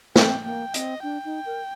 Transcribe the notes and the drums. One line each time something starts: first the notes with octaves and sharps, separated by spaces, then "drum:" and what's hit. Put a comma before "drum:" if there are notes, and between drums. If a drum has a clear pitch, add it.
C4 G5, drum: snare
A#3 G5
C4 D#5, drum: hi-hat
D4 G5
D#4
A#4